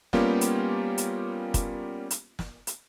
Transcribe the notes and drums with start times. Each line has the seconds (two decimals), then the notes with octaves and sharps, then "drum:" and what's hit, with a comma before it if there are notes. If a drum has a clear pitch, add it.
0.13 G3 A#3 B3 C#4 F4 G4, drum: snare
0.41 drum: hi-hat
0.98 drum: hi-hat
1.54 drum: kick, hi-hat
2.11 drum: hi-hat
2.39 drum: snare
2.67 drum: hi-hat